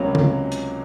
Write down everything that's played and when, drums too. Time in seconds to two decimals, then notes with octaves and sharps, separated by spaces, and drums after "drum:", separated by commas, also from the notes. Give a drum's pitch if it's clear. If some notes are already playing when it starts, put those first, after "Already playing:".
Already playing: C#2 C3 F#3 A#3 C#4
0.15 drum: tom C#3
0.52 drum: hi-hat